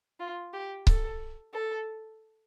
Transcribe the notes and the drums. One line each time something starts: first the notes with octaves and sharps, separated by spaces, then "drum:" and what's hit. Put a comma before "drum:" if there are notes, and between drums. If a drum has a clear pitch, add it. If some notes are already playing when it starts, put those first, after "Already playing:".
F4
G4
A4, drum: kick C#1
A4